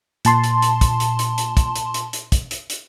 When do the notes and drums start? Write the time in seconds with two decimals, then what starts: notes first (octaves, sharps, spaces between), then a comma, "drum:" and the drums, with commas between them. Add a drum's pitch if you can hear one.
0.25 A#2 A5 C6, drum: hi-hat
0.44 drum: hi-hat
0.62 drum: hi-hat
0.81 drum: kick, hi-hat
1.00 drum: hi-hat
1.19 drum: hi-hat
1.38 drum: hi-hat
1.57 drum: kick, hi-hat
1.76 drum: hi-hat
1.94 drum: hi-hat
2.13 drum: hi-hat
2.32 drum: kick, hi-hat
2.51 drum: hi-hat
2.70 drum: hi-hat